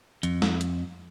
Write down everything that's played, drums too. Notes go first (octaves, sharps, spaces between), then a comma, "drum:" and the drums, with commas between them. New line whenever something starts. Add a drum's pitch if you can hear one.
F2, drum: hi-hat
drum: snare
drum: hi-hat